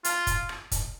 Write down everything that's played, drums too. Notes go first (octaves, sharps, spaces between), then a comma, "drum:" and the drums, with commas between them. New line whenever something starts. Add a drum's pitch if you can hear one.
F4, drum: hi-hat
drum: kick, hi-hat
drum: rim click
drum: kick, hi-hat